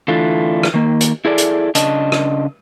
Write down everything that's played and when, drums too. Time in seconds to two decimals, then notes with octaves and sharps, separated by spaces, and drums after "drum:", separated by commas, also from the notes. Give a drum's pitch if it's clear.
0.08 D3 E3 A3 D4 F4
0.63 drum: rim click
0.74 D#3 A#3
1.01 drum: hi-hat
1.25 E4 G#4 A4 D5
1.38 drum: hi-hat
1.75 C#3 D4 D#5 A5, drum: hi-hat
2.12 drum: rim click